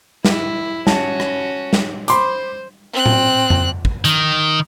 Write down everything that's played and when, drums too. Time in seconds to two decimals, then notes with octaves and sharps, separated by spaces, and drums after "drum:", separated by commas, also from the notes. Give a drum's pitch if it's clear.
0.25 E4, drum: snare
0.87 C#4 F#4 A5, drum: snare
1.20 drum: rim click
1.73 drum: snare
2.08 C5 B5 C6 D6, drum: hi-hat
2.93 C4 F#6
3.06 drum: tom A2
3.50 drum: tom F2
3.85 drum: kick
4.05 D#3, drum: hi-hat